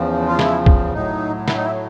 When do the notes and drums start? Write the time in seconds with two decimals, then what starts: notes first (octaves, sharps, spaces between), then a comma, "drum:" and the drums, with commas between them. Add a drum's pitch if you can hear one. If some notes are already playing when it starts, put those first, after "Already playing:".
Already playing: E2 C#3 F3
0.28 F4
0.39 E4, drum: snare
0.66 drum: kick
0.93 A2 F#3 D#4
1.48 E4, drum: snare
1.57 D#4
1.64 E4